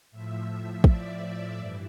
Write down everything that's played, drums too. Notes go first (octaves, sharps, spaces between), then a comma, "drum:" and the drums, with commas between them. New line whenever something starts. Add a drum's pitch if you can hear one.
A2 F3 E5
D5, drum: kick
G2 E3